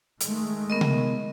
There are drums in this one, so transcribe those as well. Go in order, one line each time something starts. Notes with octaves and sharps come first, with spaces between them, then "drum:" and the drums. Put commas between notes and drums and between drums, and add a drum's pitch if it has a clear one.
D#3 G#3 A3, drum: hi-hat
B3 A#4 D#5
drum: tom C3